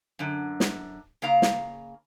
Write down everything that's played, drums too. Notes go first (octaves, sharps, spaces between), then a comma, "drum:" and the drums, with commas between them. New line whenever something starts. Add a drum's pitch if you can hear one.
F#2 D3
drum: snare
C#3 A#3 F5 A#5
drum: snare